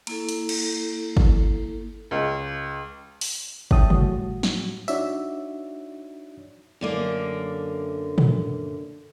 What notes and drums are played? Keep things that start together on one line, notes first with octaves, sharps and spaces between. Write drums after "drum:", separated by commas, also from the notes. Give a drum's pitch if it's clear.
A#3 E4 A4, drum: cymbal
drum: hi-hat
drum: cymbal
drum: kick
C#2
drum: open hi-hat
C#5 E5 G5 A5 D#6, drum: kick
A2 G3 F#4, drum: tom
drum: snare
D4 D#4 F#4 C#5 D5 E5, drum: tambourine
F#2 D3 A#3
drum: tom